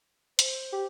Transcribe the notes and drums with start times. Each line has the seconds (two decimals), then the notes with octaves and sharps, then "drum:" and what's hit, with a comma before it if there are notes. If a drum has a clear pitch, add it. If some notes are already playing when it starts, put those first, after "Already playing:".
0.39 C5, drum: hi-hat
0.73 G4